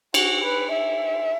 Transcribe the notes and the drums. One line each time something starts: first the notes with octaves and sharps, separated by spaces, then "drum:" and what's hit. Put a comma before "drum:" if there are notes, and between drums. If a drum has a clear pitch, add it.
F#4, drum: cymbal
B4
E5